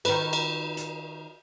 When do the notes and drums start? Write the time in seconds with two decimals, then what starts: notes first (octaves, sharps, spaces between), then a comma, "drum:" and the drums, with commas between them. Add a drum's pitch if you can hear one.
0.05 D#3 D#4 B4, drum: cymbal
0.33 drum: cymbal
0.77 drum: hi-hat